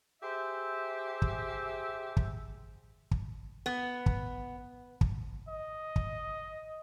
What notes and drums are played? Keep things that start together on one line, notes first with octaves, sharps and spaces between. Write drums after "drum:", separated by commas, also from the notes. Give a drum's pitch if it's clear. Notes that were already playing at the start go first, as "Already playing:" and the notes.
G4 G#4 C5 E5
drum: kick
drum: kick
drum: kick
B3
drum: kick
drum: kick
D#5
drum: kick